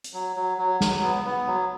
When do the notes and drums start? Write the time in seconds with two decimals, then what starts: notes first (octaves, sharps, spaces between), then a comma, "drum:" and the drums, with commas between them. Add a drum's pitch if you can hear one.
0.04 drum: hi-hat
0.13 F#3
0.36 F#3
0.58 F#3
0.81 F#3, drum: snare
1.02 B3
1.25 B3
1.47 F#3